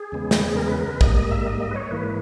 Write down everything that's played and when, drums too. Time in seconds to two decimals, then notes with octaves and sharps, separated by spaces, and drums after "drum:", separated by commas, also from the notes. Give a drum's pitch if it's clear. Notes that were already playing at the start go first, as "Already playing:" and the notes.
Already playing: G#4
0.12 E2 C#3 G#3 B3
0.31 drum: snare
0.56 A#4
0.68 B4
0.79 A#4
0.90 B4
1.01 G#2 G3 A#3 D#5, drum: kick
1.16 D#5
1.31 E5
1.46 D#5
1.60 D#5
1.71 B4
1.75 C#5
1.91 G#2 E3 A#3 B4